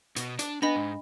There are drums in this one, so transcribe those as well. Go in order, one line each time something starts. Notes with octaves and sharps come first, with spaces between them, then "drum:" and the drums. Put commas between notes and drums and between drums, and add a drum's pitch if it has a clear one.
B2, drum: hi-hat
D4, drum: hi-hat
B3 D4 D#5 B5 A#6
G#2